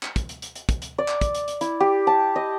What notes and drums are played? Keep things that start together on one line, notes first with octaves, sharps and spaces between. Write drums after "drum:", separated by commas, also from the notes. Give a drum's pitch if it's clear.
drum: clap
drum: kick, hi-hat
drum: hi-hat
drum: hi-hat
drum: hi-hat
drum: kick, hi-hat
drum: hi-hat
D5
drum: clap
drum: kick, hi-hat
drum: hi-hat
drum: hi-hat
E4, drum: hi-hat
G4
A5
D#5